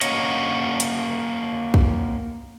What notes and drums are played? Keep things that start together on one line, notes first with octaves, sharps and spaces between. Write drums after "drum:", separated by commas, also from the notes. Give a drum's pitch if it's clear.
A#3 C#4 F#4 C#5 D#5, drum: hi-hat
drum: hi-hat
drum: kick